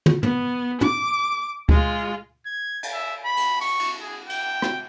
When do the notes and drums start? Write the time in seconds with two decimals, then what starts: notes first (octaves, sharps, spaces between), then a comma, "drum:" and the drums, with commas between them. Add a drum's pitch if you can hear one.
0.06 drum: tom
0.23 B3, drum: tom
0.81 D6, drum: tom
1.69 G#3 F4, drum: kick C#2
2.46 G#6
2.83 drum: cymbal
2.94 E5
3.25 B5
3.37 drum: cymbal
3.61 C#6, drum: open hi-hat
3.79 drum: cymbal
4.01 G#4
4.29 G5, drum: cymbal
4.62 drum: rim click